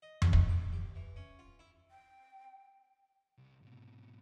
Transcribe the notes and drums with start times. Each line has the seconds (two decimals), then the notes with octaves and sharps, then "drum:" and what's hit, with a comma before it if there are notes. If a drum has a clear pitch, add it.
0.02 D#5
0.22 drum: tom F2
0.33 D#4, drum: kick
0.49 D6
0.73 G4
0.96 E3
1.16 C#4
1.39 F4
1.59 E4
1.91 G5
3.38 C2
3.62 G#2 B2